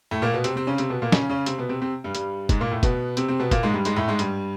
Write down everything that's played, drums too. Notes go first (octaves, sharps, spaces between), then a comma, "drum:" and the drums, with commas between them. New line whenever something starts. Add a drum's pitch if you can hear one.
A2 A3
A#2 A#3
B2 B3
C3 C4, drum: hi-hat
C3 C4
C#3 C#4
C3 C4, drum: hi-hat
B2 B3
A#2 A#3
C#3 C#4, drum: snare
C#3 C#4
C3 C4, drum: hi-hat
B2 B3
C3 C4
C3 C4
G2 G3
G2 G3, drum: hi-hat
G#2 G#3, drum: kick, hi-hat
A#2 A#3
A2 A3
B2 B3, drum: kick, hi-hat
C3 C4, drum: hi-hat
C3 C4
B2 B3
A#2 A#3, drum: kick, hi-hat
G#2 G#3
G2 G3
G#2 G#3, drum: hi-hat
A2 A3
G#2 G#3
G2 G3, drum: hi-hat